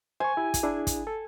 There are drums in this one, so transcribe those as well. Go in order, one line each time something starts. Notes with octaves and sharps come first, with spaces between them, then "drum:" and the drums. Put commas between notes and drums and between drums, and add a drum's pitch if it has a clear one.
C5 G#5 C#6
E4 G4
drum: kick, hi-hat
D4 E4 G#4
drum: kick, hi-hat
A4